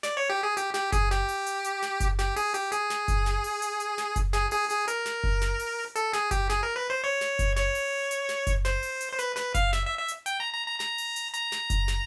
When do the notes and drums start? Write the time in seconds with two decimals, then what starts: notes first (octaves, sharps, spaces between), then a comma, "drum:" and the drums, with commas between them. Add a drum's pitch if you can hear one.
0.03 D5, drum: snare
0.17 C#5
0.30 G4
0.43 G#4
0.57 G4, drum: hi-hat
0.74 G4, drum: snare
0.92 G#4, drum: kick F#1, hi-hat
1.11 G4, drum: snare
1.29 drum: open hi-hat
1.46 drum: hi-hat
1.64 drum: hi-hat
1.82 drum: snare
2.00 drum: kick F#1, hi-hat
2.19 G4, drum: snare
2.36 G#4, drum: open hi-hat
2.54 G4, drum: hi-hat
2.72 G#4, drum: hi-hat
2.90 drum: snare
3.08 drum: kick F#1, hi-hat
3.26 drum: snare
3.44 drum: open hi-hat
3.62 drum: hi-hat
3.80 drum: hi-hat
3.98 drum: snare
4.16 drum: kick F#1, hi-hat
4.33 G#4, drum: snare
4.51 G#4, drum: open hi-hat
4.70 G#4, drum: hi-hat
4.88 A#4, drum: hi-hat
5.06 drum: snare
5.24 drum: kick F#1
5.41 drum: snare
5.59 drum: open hi-hat
5.96 A4, drum: hi-hat
6.13 G#4, drum: snare
6.31 G4, drum: kick F#1, hi-hat
6.50 G#4, drum: snare
6.63 A#4
6.76 B4
6.90 C5
7.04 C#5
7.21 drum: snare
7.39 drum: kick F#1, hi-hat
7.56 C#5, drum: snare
7.75 drum: open hi-hat
8.11 drum: hi-hat
8.29 drum: snare
8.47 drum: kick F#1, hi-hat
8.65 C5, drum: snare
8.83 drum: open hi-hat
9.01 drum: hi-hat
9.12 C5
9.19 B4, drum: hi-hat
9.36 B4, drum: snare
9.54 F5, drum: kick F#1, hi-hat
9.73 E5, drum: snare
9.86 E5
9.99 E5
10.08 drum: hi-hat
10.26 G5, drum: hi-hat
10.40 A#5
10.53 A#5
10.67 A#5
10.80 A#5, drum: snare
10.98 drum: open hi-hat
11.16 drum: hi-hat
11.34 A#5, drum: hi-hat
11.52 drum: snare
11.70 drum: kick F#1, hi-hat
11.88 drum: snare